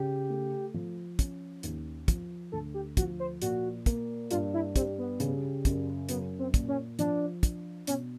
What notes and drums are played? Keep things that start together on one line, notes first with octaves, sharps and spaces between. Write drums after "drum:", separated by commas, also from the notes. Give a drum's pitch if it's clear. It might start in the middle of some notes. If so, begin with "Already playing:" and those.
Already playing: C#3 G4
A3
F3
C#4, drum: kick, hi-hat
D#2, drum: hi-hat
F3, drum: kick, hi-hat
D2 A4
G4
F3 F#4, drum: kick, hi-hat
C5
A#2 F#4, drum: hi-hat
A#3, drum: kick, hi-hat
G2 F4, drum: hi-hat
E4
G3 C4, drum: kick, hi-hat
B3
C#3, drum: hi-hat
F#2, drum: kick, hi-hat
F#3 B3, drum: hi-hat
C4
A#2, drum: kick, hi-hat
C#4
F3 D4, drum: hi-hat
D4, drum: kick, hi-hat
B2 C#4, drum: hi-hat